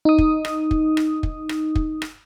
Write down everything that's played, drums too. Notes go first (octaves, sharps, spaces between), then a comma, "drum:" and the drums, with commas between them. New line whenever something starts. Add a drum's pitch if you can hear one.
D#4 D#6
drum: kick
drum: rim click
drum: kick
drum: rim click
drum: kick
drum: rim click
drum: kick
drum: rim click